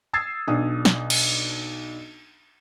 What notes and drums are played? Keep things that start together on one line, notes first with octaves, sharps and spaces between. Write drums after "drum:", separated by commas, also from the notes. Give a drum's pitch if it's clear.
D#6 E6 G#6 A6 C7
B1 D4 D#6
drum: snare
drum: cymbal